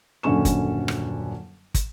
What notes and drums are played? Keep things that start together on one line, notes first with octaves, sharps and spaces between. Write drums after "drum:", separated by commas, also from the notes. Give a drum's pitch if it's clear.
D#1 F#2 D3 C#4 C#6 E7
drum: kick, hi-hat
drum: rim click
drum: kick, hi-hat